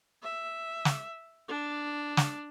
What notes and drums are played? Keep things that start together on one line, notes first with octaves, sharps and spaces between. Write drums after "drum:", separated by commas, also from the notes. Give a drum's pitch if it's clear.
E5
drum: snare
D4
drum: snare